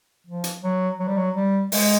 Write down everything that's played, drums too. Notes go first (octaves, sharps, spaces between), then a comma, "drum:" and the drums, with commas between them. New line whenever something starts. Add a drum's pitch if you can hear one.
F3
drum: hi-hat
F#3
F#3
G3
F#3
G3
G#3, drum: open hi-hat